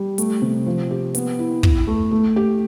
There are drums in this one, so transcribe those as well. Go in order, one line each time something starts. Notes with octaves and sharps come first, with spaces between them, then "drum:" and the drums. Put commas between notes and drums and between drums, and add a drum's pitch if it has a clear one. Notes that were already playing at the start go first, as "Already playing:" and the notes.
Already playing: G3
A3, drum: hi-hat
C3
F3
G4
B3, drum: hi-hat
E4
E4, drum: kick
A3
A3
G4